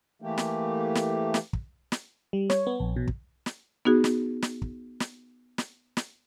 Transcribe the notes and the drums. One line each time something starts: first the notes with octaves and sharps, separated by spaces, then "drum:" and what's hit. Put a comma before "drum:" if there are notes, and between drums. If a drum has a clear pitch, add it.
E3 A3 A#3 G4
drum: snare
drum: snare
drum: snare
drum: kick
drum: snare
G3
C#5, drum: snare
B3
A#1
B2
drum: kick
drum: snare
B3 D#4 F#4 G#4
drum: snare
drum: snare
drum: kick
drum: snare
drum: snare
drum: snare